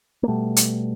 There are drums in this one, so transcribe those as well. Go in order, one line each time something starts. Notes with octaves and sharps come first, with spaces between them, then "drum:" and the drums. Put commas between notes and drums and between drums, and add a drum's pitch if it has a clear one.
A#3
B2 G3 A3
drum: hi-hat